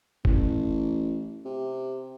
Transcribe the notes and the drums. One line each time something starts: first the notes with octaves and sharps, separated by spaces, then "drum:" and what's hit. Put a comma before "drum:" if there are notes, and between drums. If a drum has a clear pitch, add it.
A1, drum: kick F1
C3